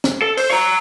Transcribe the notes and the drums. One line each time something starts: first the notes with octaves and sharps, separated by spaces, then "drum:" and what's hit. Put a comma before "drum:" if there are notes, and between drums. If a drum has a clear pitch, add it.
drum: snare
A4
C5, drum: open hi-hat
C#5 A#5